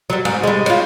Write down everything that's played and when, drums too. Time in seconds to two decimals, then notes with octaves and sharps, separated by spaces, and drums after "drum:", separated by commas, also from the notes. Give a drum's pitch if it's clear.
0.10 F#3 G3
0.25 G#2, drum: cymbal
0.43 G3 G#3
0.66 F4 C#5, drum: cymbal